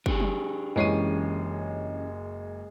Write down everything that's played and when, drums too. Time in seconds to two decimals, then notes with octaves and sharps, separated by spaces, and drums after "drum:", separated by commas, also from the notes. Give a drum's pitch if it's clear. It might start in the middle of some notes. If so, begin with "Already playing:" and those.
0.06 D4 G4 G#4, drum: kick
0.20 drum: tom F#3
0.76 F#1 E3 G#3 C#4 C#6 C7 D#7